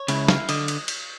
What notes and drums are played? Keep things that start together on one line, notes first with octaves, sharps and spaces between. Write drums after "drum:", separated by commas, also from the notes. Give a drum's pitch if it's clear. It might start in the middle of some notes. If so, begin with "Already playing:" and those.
Already playing: C#5
C#2 C#3 E4, drum: cymbal
F5, drum: snare
D3 D#5, drum: cymbal
drum: cymbal
drum: cymbal